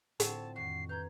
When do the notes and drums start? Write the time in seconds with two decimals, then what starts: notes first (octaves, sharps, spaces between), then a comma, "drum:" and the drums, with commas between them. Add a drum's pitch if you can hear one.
0.20 A2 D3 F3 C4 A5, drum: hi-hat
0.56 F2 D#3 F#4 C7
0.89 B4 F5 A#5 G6 G#6